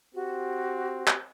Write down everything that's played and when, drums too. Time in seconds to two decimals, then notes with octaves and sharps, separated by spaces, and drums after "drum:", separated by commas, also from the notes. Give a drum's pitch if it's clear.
0.15 C4 F#4 G4
1.08 drum: clap